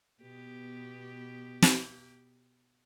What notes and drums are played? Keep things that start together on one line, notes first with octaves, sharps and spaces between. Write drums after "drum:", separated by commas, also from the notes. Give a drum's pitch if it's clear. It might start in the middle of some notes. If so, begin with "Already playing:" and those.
B2 B3 G4
drum: snare